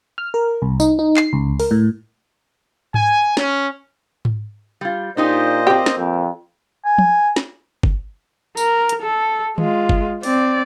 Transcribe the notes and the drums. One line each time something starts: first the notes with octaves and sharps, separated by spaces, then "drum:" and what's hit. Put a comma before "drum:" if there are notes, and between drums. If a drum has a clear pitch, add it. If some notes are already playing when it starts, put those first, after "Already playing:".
F6
A#4
C2
D#4, drum: tambourine
D#4
C7, drum: clap
C#2
A#4, drum: open hi-hat
A2
G#5, drum: tom G#2
C#4, drum: snare
drum: tom G#2
G3 F4
A#2 D4 D#4 G4 C5 D#5
A#3 C4 G4
drum: snare
F2
G#5
drum: tom F3
drum: snare
drum: kick
A#4, drum: tambourine
drum: hi-hat
A4
G#3 F4, drum: tom D#3
drum: kick
C4 D5, drum: open hi-hat